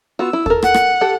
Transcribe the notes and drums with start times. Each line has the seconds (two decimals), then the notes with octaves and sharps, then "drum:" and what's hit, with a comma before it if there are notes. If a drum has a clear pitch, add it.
0.19 B3 F4 F#4 E6
0.33 E4
0.46 A4 A#4, drum: kick
0.62 F#5, drum: rim click
0.74 drum: rim click
1.01 G4 A4